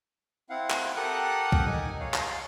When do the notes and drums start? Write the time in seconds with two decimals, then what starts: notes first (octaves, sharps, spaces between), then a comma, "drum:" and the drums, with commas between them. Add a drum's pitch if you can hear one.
0.50 C4 E4 F5 F#5
0.70 drum: clap
0.96 G4 A4 A#4 F#5 D#6 F#6
1.52 drum: kick C2
1.66 D#4 G#5
2.00 C#5 F5
2.14 drum: clap